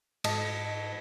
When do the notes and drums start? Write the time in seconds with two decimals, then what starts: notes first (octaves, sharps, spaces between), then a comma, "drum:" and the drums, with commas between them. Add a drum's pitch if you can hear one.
0.24 G#2 D#5 A5, drum: cymbal